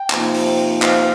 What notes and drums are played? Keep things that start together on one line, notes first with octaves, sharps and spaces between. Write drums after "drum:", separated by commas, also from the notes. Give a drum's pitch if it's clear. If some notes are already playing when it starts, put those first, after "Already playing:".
Already playing: G5
C3 F3 A#3 D#4, drum: clap
drum: open hi-hat
F5, drum: clap